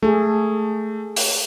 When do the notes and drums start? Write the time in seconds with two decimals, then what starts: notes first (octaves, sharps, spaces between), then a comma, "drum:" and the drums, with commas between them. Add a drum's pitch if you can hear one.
0.03 A3 G#4 A4
1.16 drum: open hi-hat